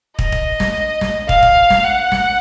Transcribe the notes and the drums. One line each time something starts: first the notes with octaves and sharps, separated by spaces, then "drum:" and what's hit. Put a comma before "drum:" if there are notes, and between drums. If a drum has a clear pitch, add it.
D#5, drum: kick
drum: kick
drum: snare
drum: snare
F5, drum: kick
drum: kick
drum: snare
F#5
drum: snare